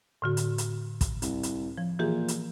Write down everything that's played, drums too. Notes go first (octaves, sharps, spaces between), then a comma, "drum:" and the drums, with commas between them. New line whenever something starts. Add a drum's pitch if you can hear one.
A2 D3 F#4
drum: hi-hat
drum: hi-hat
drum: kick, hi-hat
C2, drum: hi-hat
drum: hi-hat
F3
A#2 E3 G4 G#4
drum: hi-hat